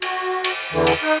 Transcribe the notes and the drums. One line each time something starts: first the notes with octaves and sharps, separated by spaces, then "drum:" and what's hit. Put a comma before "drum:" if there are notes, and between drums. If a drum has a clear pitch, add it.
F#4, drum: cymbal
drum: cymbal
E2 D3 E3
drum: cymbal
D#4